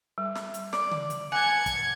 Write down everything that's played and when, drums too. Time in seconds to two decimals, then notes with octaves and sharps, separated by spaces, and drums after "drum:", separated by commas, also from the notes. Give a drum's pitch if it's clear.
0.18 G3
0.35 drum: snare
0.54 drum: hi-hat
0.73 D5, drum: snare
0.91 drum: tom C#3
1.10 drum: hi-hat
1.32 F#5 G#5 A5 G#6 C#7
1.66 drum: kick, hi-hat